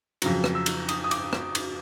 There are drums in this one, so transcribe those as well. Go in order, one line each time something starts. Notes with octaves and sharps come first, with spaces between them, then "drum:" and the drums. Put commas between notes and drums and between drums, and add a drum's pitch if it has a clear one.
F2 C#3 F#3, drum: cymbal
drum: rim click
E6
drum: cymbal
D#6, drum: cymbal
D#6
D6, drum: cymbal
drum: rim click
drum: cymbal